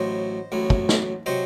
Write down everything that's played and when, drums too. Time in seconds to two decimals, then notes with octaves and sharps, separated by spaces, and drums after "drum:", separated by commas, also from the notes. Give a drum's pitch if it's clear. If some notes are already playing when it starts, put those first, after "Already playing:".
Already playing: A1 A2 F#3 C5 D#5
0.52 A1 A2 F#3
0.70 drum: kick
0.89 drum: snare
1.26 C3 F#3 C5 D#5